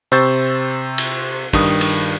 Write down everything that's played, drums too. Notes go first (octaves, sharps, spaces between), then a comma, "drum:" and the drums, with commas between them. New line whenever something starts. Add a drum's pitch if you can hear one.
C3 C5 C#6 E6 G6 A6
drum: cymbal
G2 D#3 D#6, drum: kick, cymbal
drum: cymbal